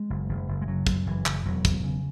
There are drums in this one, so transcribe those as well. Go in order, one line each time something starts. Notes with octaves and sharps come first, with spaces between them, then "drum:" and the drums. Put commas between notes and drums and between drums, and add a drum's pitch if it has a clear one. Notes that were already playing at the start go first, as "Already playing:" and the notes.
Already playing: G#3
F#1
F#1
F#1
G#3
C#3 F#3
F#2, drum: kick, hi-hat
F#1 E3
F#1, drum: clap
E1 F#3
E1, drum: kick, hi-hat
C#3